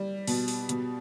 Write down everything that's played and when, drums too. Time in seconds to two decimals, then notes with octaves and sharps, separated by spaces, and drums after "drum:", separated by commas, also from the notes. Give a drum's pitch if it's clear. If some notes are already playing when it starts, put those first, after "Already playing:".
Already playing: G3
0.27 B2, drum: open hi-hat
0.48 drum: open hi-hat
0.69 B2, drum: hi-hat